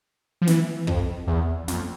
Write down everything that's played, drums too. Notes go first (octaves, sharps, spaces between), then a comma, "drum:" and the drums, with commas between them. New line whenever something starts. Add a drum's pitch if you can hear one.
F3
E3, drum: snare
F2, drum: kick
E2
F2, drum: snare